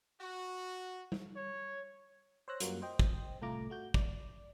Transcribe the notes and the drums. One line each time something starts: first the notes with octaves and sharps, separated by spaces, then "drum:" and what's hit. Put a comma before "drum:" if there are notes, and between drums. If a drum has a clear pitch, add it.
F#4
drum: tom G3
C#5
C5 C#5 E6 F#6 A#6
F#2 F#3 G3 A#3 F4 F#4, drum: hi-hat
C5 D#5 G5
drum: kick
C2 A2 A3 F4 A#5 D6
A3 F#4 G6
D5, drum: kick